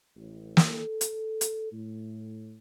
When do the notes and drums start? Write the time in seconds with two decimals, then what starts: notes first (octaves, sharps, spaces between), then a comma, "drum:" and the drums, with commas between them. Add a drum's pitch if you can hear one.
0.16 A1
0.57 drum: snare
0.71 A4
1.01 drum: hi-hat
1.41 drum: hi-hat
1.73 A2